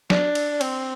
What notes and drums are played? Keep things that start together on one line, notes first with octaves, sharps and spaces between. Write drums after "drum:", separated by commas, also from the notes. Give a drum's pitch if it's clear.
D4, drum: snare
drum: cymbal
C4, drum: cymbal